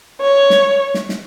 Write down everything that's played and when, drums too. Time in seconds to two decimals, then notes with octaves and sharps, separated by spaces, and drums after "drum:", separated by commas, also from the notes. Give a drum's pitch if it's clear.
0.21 C#5
0.50 drum: snare
0.94 drum: snare
1.09 drum: snare